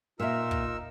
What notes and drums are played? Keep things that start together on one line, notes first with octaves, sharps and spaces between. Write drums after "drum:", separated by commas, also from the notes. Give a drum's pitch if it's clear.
A#2 D#4 F4 A#4 E5 E6
drum: kick